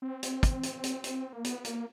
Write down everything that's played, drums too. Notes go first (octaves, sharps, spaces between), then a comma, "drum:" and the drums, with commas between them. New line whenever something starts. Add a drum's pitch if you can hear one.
C4
drum: hi-hat
drum: kick, hi-hat
drum: hi-hat
drum: hi-hat
drum: hi-hat
A#3
B3, drum: hi-hat
A#3, drum: hi-hat